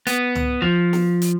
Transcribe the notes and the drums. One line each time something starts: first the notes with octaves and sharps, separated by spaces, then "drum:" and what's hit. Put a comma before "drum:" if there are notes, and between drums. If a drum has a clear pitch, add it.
B3, drum: hi-hat
drum: tom
F3, drum: kick
drum: snare
drum: hi-hat